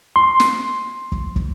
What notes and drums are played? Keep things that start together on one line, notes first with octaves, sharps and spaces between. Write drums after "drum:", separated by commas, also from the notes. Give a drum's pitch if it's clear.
C6
drum: snare
drum: kick
drum: kick